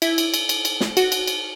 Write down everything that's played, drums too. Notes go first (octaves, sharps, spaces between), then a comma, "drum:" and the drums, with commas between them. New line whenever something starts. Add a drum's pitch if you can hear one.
E4, drum: cymbal
drum: cymbal
drum: cymbal
drum: cymbal
drum: cymbal
drum: snare
F#4, drum: cymbal
drum: cymbal
drum: cymbal